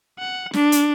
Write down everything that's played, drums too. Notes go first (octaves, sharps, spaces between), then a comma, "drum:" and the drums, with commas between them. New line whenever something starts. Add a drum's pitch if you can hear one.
F#5
D4, drum: snare
drum: hi-hat